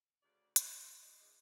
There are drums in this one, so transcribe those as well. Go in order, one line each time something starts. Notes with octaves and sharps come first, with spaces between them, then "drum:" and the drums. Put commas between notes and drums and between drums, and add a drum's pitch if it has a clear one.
D2 C#3 D5
C3 B3, drum: hi-hat
E3 F3 A3 C4 D4 E4
A#2 F#3 G3 C5 D5 D#5
D#3 F3 G#3 D4 E4 D#5